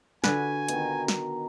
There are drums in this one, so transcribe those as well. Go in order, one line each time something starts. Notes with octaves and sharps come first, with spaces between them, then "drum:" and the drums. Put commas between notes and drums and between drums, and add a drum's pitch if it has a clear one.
D3 F#4 B4 G#5, drum: snare
B2 D#3, drum: hi-hat
drum: snare